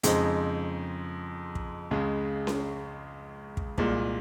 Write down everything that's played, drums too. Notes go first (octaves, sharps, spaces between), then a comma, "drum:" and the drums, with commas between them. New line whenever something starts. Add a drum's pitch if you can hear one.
F2 C#3 G#3 C4 D#4, drum: hi-hat
drum: kick
C#2 C#3 G#3
drum: snare C#4
drum: kick
C2 A#2 G#3, drum: kick